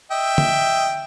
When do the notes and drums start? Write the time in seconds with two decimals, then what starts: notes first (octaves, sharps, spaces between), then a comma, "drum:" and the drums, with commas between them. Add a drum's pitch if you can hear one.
0.11 D#5 E5 G5
0.38 drum: tom